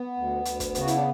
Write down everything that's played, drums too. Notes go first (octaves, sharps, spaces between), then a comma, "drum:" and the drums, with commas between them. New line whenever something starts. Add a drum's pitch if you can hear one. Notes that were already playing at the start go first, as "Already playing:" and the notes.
Already playing: B3
D2
D2, drum: hi-hat
drum: kick, hi-hat
C#3 F#4, drum: hi-hat
E4, drum: hi-hat
D4